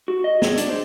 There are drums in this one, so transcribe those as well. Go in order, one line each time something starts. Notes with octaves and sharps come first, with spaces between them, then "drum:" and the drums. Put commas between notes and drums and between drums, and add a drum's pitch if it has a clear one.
F#4
D#5
G#4, drum: snare
D4, drum: hi-hat
C5